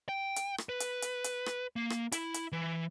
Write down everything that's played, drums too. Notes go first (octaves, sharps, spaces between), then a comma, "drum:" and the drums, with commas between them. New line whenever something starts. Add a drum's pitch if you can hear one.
G5
drum: hi-hat
drum: rim click
B4
drum: hi-hat
drum: hi-hat
drum: hi-hat
drum: rim click
A#3
drum: rim click
E4, drum: hi-hat
drum: hi-hat
E3